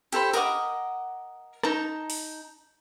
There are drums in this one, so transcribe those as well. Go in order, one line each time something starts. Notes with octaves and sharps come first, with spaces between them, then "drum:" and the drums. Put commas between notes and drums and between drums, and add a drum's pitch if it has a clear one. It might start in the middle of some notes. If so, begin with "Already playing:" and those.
G4 A4 C5 B5, drum: hi-hat
A#4 D#5 F#5 D6, drum: tambourine
D#4 A5 A#5, drum: rim click
drum: open hi-hat